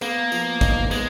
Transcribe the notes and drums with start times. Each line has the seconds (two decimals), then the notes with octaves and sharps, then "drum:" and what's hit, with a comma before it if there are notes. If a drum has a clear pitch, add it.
0.01 A#3 B3, drum: tambourine
0.32 F3, drum: tambourine
0.61 D#4, drum: kick, tambourine
0.91 G#3 B3, drum: tambourine